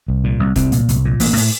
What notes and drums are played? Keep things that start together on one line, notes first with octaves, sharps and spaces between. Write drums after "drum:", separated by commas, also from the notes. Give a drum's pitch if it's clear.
C2
A#2
C2
C2 C4, drum: kick, hi-hat
A#2, drum: hi-hat
C2, drum: hi-hat
A#2
A1 A#3, drum: open hi-hat
A2, drum: open hi-hat